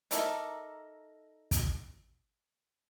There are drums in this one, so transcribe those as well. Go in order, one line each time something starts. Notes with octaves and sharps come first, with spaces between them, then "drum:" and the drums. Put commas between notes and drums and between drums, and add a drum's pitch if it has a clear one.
D#4 A4 A#4 D5 E5, drum: hi-hat
drum: kick, hi-hat